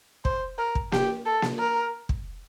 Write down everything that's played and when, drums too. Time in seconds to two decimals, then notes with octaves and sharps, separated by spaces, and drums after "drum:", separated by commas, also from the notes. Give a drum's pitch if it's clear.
0.25 C5, drum: kick
0.58 A#4
0.75 drum: kick
0.92 G4, drum: snare A#3
1.26 A4
1.42 drum: snare A#3
1.59 A#4
2.09 drum: kick